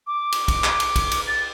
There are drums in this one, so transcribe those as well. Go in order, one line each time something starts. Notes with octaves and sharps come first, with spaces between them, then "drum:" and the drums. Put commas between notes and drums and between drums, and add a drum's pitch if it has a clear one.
D6
drum: cymbal
drum: kick, cymbal
drum: clap
drum: cymbal
drum: kick, cymbal
drum: cymbal
A6